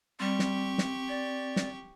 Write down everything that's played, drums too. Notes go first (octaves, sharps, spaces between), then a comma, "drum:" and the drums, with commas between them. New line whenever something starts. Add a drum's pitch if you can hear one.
G3 C4 G4 C#6
drum: snare
drum: snare
D5
drum: snare